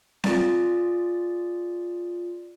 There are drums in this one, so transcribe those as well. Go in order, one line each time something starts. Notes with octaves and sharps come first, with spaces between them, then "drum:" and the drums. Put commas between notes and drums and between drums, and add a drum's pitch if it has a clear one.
F4 G#4 D5 A6, drum: snare C4